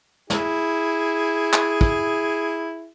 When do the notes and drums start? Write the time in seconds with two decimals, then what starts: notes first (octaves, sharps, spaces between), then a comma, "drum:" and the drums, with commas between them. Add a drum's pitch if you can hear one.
0.30 E4 G#4, drum: snare
1.53 drum: clap
1.81 drum: kick